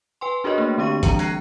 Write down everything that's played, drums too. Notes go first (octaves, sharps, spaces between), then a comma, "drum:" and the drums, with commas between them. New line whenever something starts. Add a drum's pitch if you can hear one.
B4 G5 G#5 C6
D4 F#4 G#4 A#4 C#5 D#5
A3 A#3 D4 G#4
D3 C4 D4 G4 C#6 D#7
E3 G3 D4 A#5 C#7 D#7, drum: kick, hi-hat
F#6 G#6 A#6 C7 D#7, drum: hi-hat